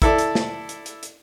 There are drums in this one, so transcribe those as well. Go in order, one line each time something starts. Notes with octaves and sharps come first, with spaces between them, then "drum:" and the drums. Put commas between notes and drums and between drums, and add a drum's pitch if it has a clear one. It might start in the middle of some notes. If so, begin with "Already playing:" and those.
E4 A4 D5, drum: kick, hi-hat
drum: hi-hat
drum: snare
drum: hi-hat
drum: hi-hat
drum: hi-hat